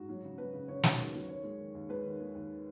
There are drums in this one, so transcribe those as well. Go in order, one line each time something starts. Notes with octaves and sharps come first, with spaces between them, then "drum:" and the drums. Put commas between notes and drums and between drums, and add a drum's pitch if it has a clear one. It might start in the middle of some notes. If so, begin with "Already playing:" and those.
Already playing: G#2 F#4
F#3
C#3
F#3 B4
C#3
C#3 C#5
F#3, drum: snare
D#2
F#3
D#3 C#5
G#3
D#3
D#2
G#3 B4
D#3
G#3
D#2